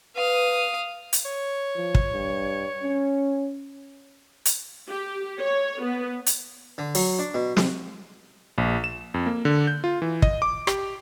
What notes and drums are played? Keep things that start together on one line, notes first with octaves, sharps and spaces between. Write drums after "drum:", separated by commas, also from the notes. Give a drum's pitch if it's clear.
B4 F5 D#6
drum: hi-hat
C#5
F3
drum: kick
G2
C#4
drum: hi-hat
G4
C#5
B3
drum: hi-hat
D3
F#3, drum: open hi-hat
D4
B2
C3, drum: snare
A#1
E7
F2
A#3
D3
G6
F4
E3
D#5, drum: kick
D6
G4, drum: rim click